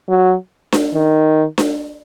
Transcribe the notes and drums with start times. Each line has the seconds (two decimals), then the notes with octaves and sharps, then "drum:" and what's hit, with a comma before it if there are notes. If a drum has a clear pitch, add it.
0.09 F#3
0.72 drum: snare D4
0.93 D#3
1.58 drum: snare D4